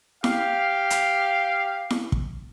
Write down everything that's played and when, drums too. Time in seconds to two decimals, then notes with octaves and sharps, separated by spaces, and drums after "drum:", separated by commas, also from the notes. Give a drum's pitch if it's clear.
0.24 G4 F5, drum: snare E4
0.90 drum: hi-hat
1.90 drum: snare E4
2.12 drum: kick